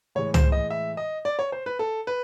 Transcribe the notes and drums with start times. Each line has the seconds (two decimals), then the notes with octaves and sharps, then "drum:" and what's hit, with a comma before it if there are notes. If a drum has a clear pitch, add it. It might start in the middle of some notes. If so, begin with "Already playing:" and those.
0.15 A2 E3 G#3 C#5
0.34 C5, drum: tom
0.52 D#5
0.70 E5
0.97 D#5
1.25 D5
1.39 C#5
1.52 C5
1.66 B4
1.79 A4
2.07 B4